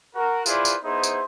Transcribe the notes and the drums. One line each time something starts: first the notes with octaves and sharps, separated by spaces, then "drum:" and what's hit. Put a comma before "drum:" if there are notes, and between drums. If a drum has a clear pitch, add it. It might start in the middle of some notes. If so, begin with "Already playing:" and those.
F#4 A#4
E4 F4 G#4 B4 C5 D5, drum: tambourine
drum: tambourine
B3 D#4 E4 G#4 C5
drum: tambourine